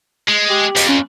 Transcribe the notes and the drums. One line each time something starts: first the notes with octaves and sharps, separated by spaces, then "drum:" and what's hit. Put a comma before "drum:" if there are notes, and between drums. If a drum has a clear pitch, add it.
G#3
G4
F2, drum: hi-hat
C#4